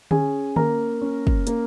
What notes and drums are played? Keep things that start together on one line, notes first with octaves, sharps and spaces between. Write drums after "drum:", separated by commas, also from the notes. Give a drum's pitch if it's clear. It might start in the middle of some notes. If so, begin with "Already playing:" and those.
C#4 G#4 G#5, drum: tom D3
A#3 A#4 A#5, drum: tom D3
C#4
drum: kick
A#3, drum: hi-hat